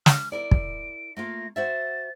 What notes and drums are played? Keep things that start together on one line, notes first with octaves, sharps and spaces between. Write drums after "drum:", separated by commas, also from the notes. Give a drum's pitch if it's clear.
F6, drum: snare
E4 A#4 D5 D7
drum: kick
A3 A#3 F4 A#6
F#4 C5 E5 A6